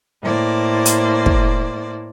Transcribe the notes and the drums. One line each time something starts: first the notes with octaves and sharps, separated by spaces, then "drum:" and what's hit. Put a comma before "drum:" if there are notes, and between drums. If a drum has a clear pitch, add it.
A2 A#3 C5 D5
drum: hi-hat
drum: kick